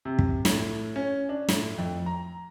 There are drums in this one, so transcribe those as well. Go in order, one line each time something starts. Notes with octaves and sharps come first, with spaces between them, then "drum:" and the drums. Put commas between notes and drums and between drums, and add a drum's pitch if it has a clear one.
C3
drum: kick
A2, drum: snare
C#4
D4
A2, drum: snare
F2
A#5